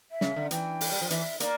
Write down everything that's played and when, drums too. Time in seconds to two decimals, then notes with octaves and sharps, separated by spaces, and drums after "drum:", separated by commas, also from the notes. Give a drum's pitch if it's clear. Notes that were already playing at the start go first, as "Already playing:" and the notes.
0.12 E5
0.21 C#3, drum: snare
0.36 D3
0.51 E3 G5, drum: hi-hat
0.81 drum: open hi-hat
0.92 G3
1.01 F3
1.10 E3 E5, drum: hi-hat
1.40 A#3 D5, drum: hi-hat